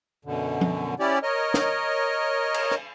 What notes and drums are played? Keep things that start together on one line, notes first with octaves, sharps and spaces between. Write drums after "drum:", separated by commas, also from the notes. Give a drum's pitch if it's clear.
F#2 B2 D3
drum: tom F3
C#4 E4 G4 D5
A#4 C#5 D#5
drum: snare
drum: cymbal
drum: rim click